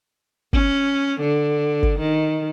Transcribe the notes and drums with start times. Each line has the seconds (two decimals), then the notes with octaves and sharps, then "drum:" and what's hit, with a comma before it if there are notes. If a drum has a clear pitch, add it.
0.53 C#4, drum: kick
1.21 D3
1.83 drum: kick
1.99 D#3